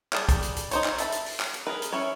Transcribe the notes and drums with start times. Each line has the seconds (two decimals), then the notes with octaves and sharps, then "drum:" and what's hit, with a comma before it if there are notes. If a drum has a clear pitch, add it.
0.13 G3 G#4 A5, drum: clap
0.29 drum: kick, hi-hat
0.43 drum: hi-hat
0.56 drum: hi-hat
0.71 D#4 C5 C#5, drum: hi-hat
0.84 drum: clap
0.98 E5 A5 B5, drum: hi-hat
1.12 drum: hi-hat
1.26 drum: open hi-hat
1.40 drum: clap
1.54 drum: hi-hat
1.67 G#4 A#4 B4
1.82 drum: hi-hat
1.92 C#4 E4 C#5